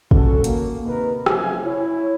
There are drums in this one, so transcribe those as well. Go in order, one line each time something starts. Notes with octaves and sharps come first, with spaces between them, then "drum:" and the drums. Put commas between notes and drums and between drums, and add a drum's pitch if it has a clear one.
C#4 F#4 A4, drum: kick
A#3, drum: hi-hat
C3 D#3 A#4 B4
F#1 B1 F#2 C3 F3 G#5, drum: rim click
E4 C#5